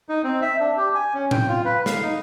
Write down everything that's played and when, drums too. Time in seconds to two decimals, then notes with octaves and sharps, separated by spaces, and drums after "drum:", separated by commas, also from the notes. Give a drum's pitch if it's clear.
0.09 D#4
0.24 C4
0.42 E5
0.60 D4
0.77 G4
0.95 G#5
1.14 C#4
1.31 G5, drum: tom A2
1.49 F4
1.65 B4
1.86 F5, drum: snare
2.03 D#4